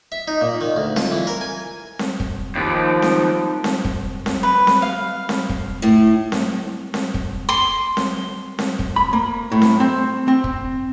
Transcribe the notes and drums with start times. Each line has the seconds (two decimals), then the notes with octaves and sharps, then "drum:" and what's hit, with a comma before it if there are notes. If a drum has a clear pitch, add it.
0.12 E5
0.28 D#4
0.41 A#2
0.61 D#3
0.76 D2
0.96 F4, drum: snare C4
1.11 E3
1.27 A#4
1.41 G#5
1.99 drum: snare C4
2.20 drum: kick
2.55 D#2 F3
3.02 drum: snare C4
3.64 drum: snare C4
3.85 drum: kick
4.26 drum: snare C4
4.43 B4
4.67 drum: snare C4
4.82 F5
5.29 drum: snare C4
5.50 drum: kick
5.82 A2
6.32 drum: snare C4
6.94 drum: snare C4
7.14 drum: kick
7.49 C6
7.97 drum: snare C4
8.59 drum: snare C4
8.79 drum: kick
8.96 B5
9.13 A#3
9.52 A2
9.62 drum: snare C4
9.80 C4
10.28 C4
10.44 drum: kick